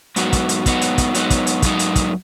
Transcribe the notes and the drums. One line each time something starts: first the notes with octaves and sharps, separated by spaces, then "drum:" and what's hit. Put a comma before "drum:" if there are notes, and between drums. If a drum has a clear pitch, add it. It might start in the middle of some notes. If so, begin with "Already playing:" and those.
G#2 F#3 B3 D#4 F#4, drum: hi-hat
drum: kick, hi-hat
drum: hi-hat
G#2 F#3 B3 D#4 F#4, drum: kick, hi-hat
drum: hi-hat
drum: kick, hi-hat
G#2 F#3 B3 D#4 F#4, drum: hi-hat
drum: kick, hi-hat
drum: hi-hat
G#2 F#3 B3 D#4 F#4, drum: kick, hi-hat
drum: hi-hat
drum: kick, hi-hat